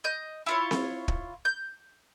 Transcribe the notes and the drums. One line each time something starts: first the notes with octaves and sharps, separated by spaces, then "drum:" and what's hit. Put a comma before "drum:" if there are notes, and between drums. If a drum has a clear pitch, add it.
D#5 G6
E4 F4 C#5
drum: snare C4
drum: kick
G6